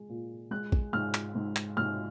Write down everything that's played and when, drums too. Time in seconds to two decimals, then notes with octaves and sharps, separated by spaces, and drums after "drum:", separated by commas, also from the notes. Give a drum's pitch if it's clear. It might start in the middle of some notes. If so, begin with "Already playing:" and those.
Already playing: G#3
0.09 A#2
0.51 G#3 F#6
0.72 drum: kick
0.93 G#2 F6
1.14 drum: clap
1.35 G#2
1.56 drum: clap
1.77 G#2 F6